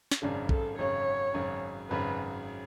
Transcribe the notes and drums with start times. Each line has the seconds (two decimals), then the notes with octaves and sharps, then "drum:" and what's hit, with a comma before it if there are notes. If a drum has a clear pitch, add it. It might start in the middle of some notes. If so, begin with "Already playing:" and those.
0.11 drum: snare
0.22 G#1 F#2 C#3 D4
0.49 A4, drum: kick
0.78 G#1 F#2 C#3 C#5
1.34 G#1 F#2 C#3
1.90 G#1 F#2 C#3 B4